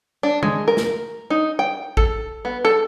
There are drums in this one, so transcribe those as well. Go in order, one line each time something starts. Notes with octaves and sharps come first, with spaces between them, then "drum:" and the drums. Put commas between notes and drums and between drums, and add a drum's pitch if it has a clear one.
D4
G#3, drum: tom D#3
A#4
drum: snare
D#4
G5
A4, drum: kick
B3
A4